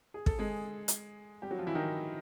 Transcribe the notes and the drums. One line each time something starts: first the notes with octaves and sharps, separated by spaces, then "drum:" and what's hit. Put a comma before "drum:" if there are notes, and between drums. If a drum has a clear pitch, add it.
G#4
A4, drum: kick
G#3 G#4
drum: hi-hat
G3 G4
F#3 F#4
F3 F4
E3 E4
D#3 D#4